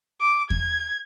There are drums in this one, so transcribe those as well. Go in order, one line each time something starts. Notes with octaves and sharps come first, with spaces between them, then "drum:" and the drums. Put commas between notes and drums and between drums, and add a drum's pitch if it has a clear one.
D6
G#6, drum: kick E2